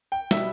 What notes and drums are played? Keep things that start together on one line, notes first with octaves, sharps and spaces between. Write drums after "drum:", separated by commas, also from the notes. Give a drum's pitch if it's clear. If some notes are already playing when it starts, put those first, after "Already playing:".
G5
B2 G3 B3 E5, drum: snare